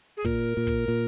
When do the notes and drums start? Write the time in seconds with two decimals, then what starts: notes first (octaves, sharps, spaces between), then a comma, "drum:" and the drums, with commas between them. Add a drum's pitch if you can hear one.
0.17 G#4
0.25 A#2 A#4, drum: kick
0.57 A#2
0.67 drum: kick
0.88 A#2